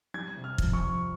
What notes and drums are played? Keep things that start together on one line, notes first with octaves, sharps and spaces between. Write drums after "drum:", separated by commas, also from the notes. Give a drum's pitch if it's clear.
G3 G#6
C3
F6
F2, drum: kick
C#6
F2